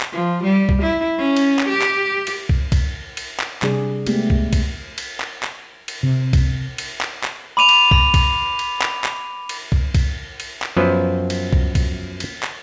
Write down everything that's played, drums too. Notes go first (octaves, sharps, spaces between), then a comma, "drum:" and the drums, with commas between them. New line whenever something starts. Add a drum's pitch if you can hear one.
drum: clap
F3
G3
drum: kick
E4
C#4
drum: cymbal
drum: clap
G4
drum: clap
drum: cymbal
drum: kick
drum: kick, cymbal
drum: cymbal
drum: clap
C3 G3 D4 G#4 D5, drum: clap
G#3 A3 B3 G4, drum: cymbal
drum: kick
drum: kick, cymbal
drum: cymbal
drum: clap
drum: clap
drum: cymbal
C3
drum: kick, cymbal
drum: cymbal
drum: clap
drum: clap
B5 D6 D#7 F7
drum: cymbal
drum: kick
drum: kick, cymbal
drum: cymbal
drum: clap
drum: clap
drum: cymbal
drum: kick
drum: kick, cymbal
drum: cymbal
drum: clap
F#2 F3 F#3 B3 B4 C5
drum: cymbal
drum: kick
drum: kick, cymbal
drum: cymbal
drum: clap